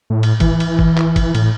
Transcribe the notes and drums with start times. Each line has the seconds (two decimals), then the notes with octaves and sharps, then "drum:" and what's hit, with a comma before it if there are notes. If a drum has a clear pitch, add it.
0.10 A2
0.23 drum: cymbal
0.40 E3, drum: kick G1, cymbal
0.60 drum: cymbal
0.79 drum: kick G1
0.97 drum: clap
1.16 drum: kick G1, cymbal
1.35 A2, drum: cymbal